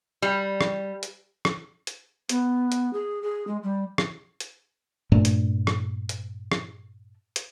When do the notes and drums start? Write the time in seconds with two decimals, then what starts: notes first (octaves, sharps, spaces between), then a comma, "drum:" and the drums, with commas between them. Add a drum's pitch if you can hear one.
0.22 G3
0.61 drum: rim click
1.03 drum: hi-hat
1.45 drum: rim click
1.87 drum: hi-hat
2.29 B3, drum: hi-hat
2.72 drum: hi-hat
2.93 G#4
3.23 G#4
3.47 G#3
3.63 G3
3.98 drum: rim click
4.40 drum: hi-hat
5.12 G2 A#2 A3 D4
5.25 drum: hi-hat
5.67 drum: rim click
6.09 drum: hi-hat
6.52 drum: rim click
7.36 drum: hi-hat